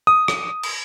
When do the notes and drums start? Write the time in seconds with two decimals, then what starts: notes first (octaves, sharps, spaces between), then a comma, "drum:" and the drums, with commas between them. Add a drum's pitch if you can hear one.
0.07 D#6
0.28 drum: rim click
0.63 drum: cymbal